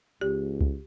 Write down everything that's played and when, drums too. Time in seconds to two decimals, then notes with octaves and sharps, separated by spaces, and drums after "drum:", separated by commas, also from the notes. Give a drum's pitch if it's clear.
0.21 C#2 G4
0.61 drum: kick C#2